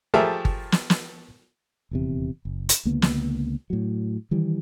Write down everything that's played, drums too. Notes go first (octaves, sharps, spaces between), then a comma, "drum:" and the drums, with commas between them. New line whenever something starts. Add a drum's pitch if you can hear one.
F3 A3 G4 G#4 A#4 E5
drum: kick G1
drum: snare
drum: snare
D#1 E2 C3
F#1
drum: hi-hat
C#2 D3 A#3 B3
drum: snare
A2 F#3
D#3 E3 G3